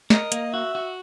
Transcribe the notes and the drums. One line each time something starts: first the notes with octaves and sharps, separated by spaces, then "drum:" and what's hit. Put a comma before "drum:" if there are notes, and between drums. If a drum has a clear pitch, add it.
A#4 D#5, drum: snare
A#3, drum: hi-hat
F#4 E5
F#4